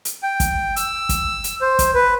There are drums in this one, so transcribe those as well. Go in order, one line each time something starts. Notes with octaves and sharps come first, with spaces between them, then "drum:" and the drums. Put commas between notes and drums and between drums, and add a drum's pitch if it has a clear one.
drum: hi-hat
G5
drum: kick, hi-hat
E6, drum: hi-hat
drum: kick, hi-hat
drum: hi-hat
C5
drum: kick, hi-hat
B4